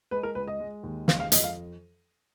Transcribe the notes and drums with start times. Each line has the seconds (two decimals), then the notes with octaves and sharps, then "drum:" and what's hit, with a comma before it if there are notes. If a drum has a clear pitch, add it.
0.11 G#3 B4
0.23 A#4
0.35 C#2 B4
0.47 D#5
0.60 G#3
0.83 D#2
1.08 G#3 F5, drum: snare
1.20 F5
1.32 F2 D#5, drum: hi-hat
1.44 F5